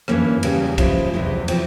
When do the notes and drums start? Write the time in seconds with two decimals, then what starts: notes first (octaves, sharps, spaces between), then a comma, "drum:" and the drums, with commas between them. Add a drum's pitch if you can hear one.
0.08 G2 E3 A#3 C#4, drum: rim click
0.43 E2 C#3 G3 C#4, drum: cymbal
0.78 C#3 F3 G#3 E4, drum: kick, cymbal
1.14 E2 C3 E3 G#3 E4
1.48 F3 C4, drum: cymbal